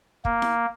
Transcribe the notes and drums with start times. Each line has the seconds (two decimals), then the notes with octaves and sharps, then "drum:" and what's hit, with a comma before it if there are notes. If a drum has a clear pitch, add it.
0.25 A#3, drum: kick
0.42 drum: snare E4